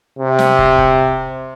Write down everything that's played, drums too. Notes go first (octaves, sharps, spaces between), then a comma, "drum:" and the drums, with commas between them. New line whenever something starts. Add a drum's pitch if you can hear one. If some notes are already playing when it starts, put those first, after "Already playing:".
C3
drum: snare
drum: kick
drum: kick